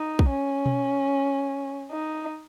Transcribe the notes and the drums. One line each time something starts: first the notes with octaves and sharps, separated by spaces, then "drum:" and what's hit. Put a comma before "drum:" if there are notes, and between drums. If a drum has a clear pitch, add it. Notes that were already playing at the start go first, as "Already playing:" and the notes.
Already playing: D#4
drum: kick
C#4
drum: tom B2
D#4